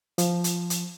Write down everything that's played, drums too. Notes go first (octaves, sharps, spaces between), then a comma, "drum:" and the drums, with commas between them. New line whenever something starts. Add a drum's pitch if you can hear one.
F3, drum: hi-hat
drum: hi-hat
drum: hi-hat